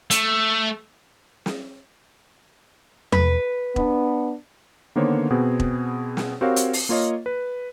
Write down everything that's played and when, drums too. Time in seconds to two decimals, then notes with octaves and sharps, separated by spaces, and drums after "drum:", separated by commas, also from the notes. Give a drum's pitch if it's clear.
0.11 A3, drum: hi-hat
1.46 drum: snare
3.12 B4, drum: tom E2
3.76 B3 D4, drum: kick E1
4.96 D3 D#3 A#3 B3 C5 C#5
5.30 B2 B3 C4 G#4
5.60 drum: kick E1
6.17 drum: snare
6.41 C4 F#4 G4 A#4 C#5 F5
6.56 drum: hi-hat
6.73 drum: open hi-hat
6.89 A#3 F4 C#5 D#5
7.26 B4